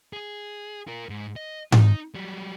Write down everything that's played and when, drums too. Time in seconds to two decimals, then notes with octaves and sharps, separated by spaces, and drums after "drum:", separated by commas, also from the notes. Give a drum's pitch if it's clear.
0.13 G#4
0.87 F4 A#4
1.09 G#2
1.36 D#5
1.72 D#4, drum: tom G#2
2.15 F#3 G3